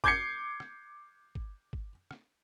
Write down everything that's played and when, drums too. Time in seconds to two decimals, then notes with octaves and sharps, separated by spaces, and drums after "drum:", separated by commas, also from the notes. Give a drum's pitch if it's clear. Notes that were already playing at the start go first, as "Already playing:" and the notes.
0.04 D6 G6 G#6 C7 C#7, drum: kick
0.60 drum: rim click
1.35 drum: kick
1.73 drum: kick
2.11 drum: rim click